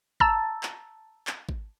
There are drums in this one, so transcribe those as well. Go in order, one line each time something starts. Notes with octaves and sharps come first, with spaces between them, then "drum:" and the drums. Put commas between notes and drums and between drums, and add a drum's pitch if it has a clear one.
A5 A#5 E6 A6, drum: kick G#1
drum: clap
drum: clap
drum: kick G#1